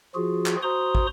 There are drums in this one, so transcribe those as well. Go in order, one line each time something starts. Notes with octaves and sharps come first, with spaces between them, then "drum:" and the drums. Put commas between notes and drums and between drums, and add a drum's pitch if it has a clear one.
F3 F4 F#4 G#4
drum: clap
F#4 C5 A#5 C6 D#6
drum: kick